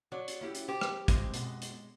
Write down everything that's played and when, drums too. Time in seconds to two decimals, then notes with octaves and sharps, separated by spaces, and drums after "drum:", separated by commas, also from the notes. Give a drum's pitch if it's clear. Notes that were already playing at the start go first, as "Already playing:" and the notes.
0.12 F#3 D5
0.28 drum: hi-hat
0.41 C#4 E4 G4
0.55 drum: hi-hat
0.68 G4 C5
0.81 drum: rim click
1.08 G2 C3 G#3 C4, drum: kick, hi-hat
1.34 F#2 B2, drum: hi-hat
1.62 drum: hi-hat